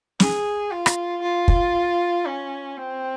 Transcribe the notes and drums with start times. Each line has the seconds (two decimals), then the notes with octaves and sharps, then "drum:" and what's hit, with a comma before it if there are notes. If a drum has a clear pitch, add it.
0.20 G#4, drum: snare
0.71 F4
0.86 drum: rim click
1.22 F4
1.48 drum: kick
2.25 C#4
2.77 C4